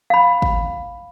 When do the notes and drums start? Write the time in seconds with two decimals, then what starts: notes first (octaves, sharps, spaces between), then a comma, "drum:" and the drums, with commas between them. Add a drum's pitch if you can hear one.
0.10 F5 B5
0.42 drum: kick